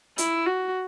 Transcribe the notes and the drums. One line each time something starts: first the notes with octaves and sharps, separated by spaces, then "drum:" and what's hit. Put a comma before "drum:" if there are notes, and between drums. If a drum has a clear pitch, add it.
E4, drum: hi-hat
F#4